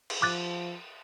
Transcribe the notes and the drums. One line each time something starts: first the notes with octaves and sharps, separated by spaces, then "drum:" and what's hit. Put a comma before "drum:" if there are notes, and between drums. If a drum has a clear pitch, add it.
drum: cymbal
F3 D6 F#6 A6